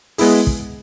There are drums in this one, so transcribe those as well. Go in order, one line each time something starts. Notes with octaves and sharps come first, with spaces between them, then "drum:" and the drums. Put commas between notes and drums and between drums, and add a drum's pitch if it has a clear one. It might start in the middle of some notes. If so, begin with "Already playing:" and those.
G#3 B3 E4 G#4, drum: open hi-hat
drum: kick